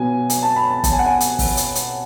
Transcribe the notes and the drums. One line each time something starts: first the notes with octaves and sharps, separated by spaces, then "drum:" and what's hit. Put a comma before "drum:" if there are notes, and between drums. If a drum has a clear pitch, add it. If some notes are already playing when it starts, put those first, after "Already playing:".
Already playing: B2 F#3 B3 G#5
G#5, drum: hi-hat
A5
B5
A5
A5, drum: kick, hi-hat
G#5
F#5
G#5
drum: hi-hat
drum: kick, open hi-hat
drum: hi-hat
drum: hi-hat